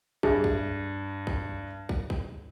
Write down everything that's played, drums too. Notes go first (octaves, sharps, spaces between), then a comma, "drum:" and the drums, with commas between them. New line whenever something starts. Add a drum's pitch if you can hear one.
G2 G4 G#4 E5, drum: kick
drum: kick
drum: kick
drum: kick
drum: kick